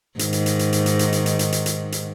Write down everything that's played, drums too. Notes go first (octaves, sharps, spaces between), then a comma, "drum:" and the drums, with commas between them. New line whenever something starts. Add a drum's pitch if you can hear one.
G#2 D#3, drum: hi-hat
drum: hi-hat
drum: hi-hat
drum: hi-hat
drum: hi-hat
drum: hi-hat
drum: hi-hat
drum: hi-hat
drum: hi-hat
drum: hi-hat
drum: hi-hat
drum: hi-hat
drum: hi-hat